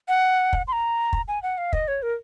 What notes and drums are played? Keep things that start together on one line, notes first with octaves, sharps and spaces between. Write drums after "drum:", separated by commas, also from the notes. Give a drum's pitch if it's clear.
F#5
drum: kick
C6
A#5
drum: kick
G#5
F#5
F5
D#5, drum: kick
C#5
A#4